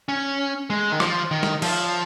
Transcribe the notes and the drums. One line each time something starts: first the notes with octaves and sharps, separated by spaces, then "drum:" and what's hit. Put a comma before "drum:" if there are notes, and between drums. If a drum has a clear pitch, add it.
C#4
G#3
D#3
F3, drum: rim click
D#3
drum: snare
F3, drum: cymbal